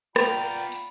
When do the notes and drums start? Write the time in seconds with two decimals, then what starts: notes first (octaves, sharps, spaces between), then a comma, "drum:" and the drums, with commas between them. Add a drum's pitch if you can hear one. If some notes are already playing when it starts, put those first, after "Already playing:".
0.16 A#3 B3 F4 D5 G5 A#5 B5, drum: rim click
0.72 drum: hi-hat